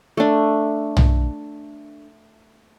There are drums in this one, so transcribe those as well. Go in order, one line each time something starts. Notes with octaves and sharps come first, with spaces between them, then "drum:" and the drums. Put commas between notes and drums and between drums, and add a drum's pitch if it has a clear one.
A3 D4
drum: tom